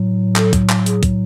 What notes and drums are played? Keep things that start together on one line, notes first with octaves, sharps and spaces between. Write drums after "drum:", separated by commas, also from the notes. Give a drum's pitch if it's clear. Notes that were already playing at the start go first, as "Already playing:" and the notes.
Already playing: A2 F#3
A4, drum: clap
drum: kick, hi-hat
drum: clap
G#4, drum: hi-hat
drum: kick, hi-hat